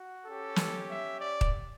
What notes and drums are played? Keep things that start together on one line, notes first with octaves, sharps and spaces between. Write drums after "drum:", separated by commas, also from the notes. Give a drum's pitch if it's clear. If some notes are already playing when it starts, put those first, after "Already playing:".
Already playing: F#4
C#4 G4 A4
drum: snare
E5
D5
drum: kick